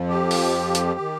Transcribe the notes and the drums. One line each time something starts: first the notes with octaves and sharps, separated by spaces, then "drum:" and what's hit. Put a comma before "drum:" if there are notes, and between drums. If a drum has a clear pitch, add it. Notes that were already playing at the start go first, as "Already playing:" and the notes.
Already playing: F2 F3
G4
drum: open hi-hat
drum: hi-hat
D#3